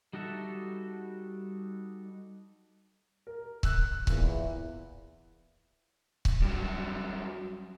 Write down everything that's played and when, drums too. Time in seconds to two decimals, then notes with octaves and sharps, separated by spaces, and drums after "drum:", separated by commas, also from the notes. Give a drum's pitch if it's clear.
0.13 G3 D#4 F#4 A4 E5
3.27 A#4
3.63 E6 F#6, drum: kick C#1
4.07 E2 A#2 E4, drum: kick C#1
6.25 drum: kick C#1
6.42 G2 F#3